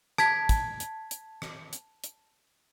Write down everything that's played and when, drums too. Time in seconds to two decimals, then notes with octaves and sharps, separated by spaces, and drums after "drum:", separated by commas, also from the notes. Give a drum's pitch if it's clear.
0.18 A5 G#6 B6, drum: rim click
0.49 drum: kick, hi-hat
0.80 drum: hi-hat
1.11 drum: hi-hat
1.42 drum: rim click
1.73 drum: hi-hat
2.04 drum: hi-hat